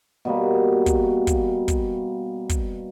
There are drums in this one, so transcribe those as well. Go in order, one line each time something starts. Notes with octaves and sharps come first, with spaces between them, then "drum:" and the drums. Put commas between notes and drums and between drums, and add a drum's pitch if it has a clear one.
B2 G3 A#3
drum: kick, hi-hat
drum: kick, hi-hat
drum: kick, hi-hat
drum: kick, hi-hat